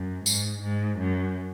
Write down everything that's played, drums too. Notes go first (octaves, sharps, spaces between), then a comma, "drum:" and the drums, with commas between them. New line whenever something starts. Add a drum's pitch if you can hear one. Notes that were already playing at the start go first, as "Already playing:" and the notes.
Already playing: F#2
G#2, drum: tambourine
G#2
F#2